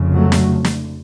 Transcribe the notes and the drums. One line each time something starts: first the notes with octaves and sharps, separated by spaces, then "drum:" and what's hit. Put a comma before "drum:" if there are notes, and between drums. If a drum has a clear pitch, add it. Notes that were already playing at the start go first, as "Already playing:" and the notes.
Already playing: F1 F2 C#3
F#3 A3
drum: snare
drum: snare